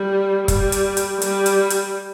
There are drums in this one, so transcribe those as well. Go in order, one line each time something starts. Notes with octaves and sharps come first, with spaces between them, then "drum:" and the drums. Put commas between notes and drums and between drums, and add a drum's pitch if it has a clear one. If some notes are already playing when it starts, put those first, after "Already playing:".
Already playing: G3
G3, drum: kick, hi-hat
drum: hi-hat
drum: hi-hat
G3, drum: hi-hat
drum: hi-hat
drum: hi-hat